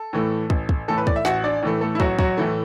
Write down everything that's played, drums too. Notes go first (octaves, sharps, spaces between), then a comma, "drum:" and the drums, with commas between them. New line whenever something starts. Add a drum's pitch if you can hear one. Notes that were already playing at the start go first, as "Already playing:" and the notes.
Already playing: A4
A2 E3 A3
A1, drum: kick
drum: kick
A2 E3 A3 A4
B4
D5, drum: kick
E5
A1 F#4 F#5, drum: snare
D4 D5
A2 E3 A3
A3 A4
E4
A1 F#3 F#4, drum: kick
F#3 F#4, drum: kick
A2 E3 A3 E4